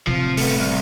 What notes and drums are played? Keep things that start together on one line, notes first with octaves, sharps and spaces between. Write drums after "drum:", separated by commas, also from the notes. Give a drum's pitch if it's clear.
D1 C3 F3 C4
A3 B3, drum: open hi-hat
C2